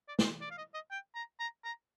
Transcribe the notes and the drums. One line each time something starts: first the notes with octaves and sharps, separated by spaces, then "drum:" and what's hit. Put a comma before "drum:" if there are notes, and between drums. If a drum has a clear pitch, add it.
D5
D5, drum: snare
C5
D5
F5
D#5
D#5
G5
A#5
A#5
A#5